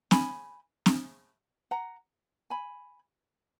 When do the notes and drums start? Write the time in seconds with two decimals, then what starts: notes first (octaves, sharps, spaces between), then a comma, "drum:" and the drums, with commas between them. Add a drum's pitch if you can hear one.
0.11 G#5 B5, drum: snare C4
0.86 drum: snare C4
1.71 F#5 A#5
2.50 G#5 B5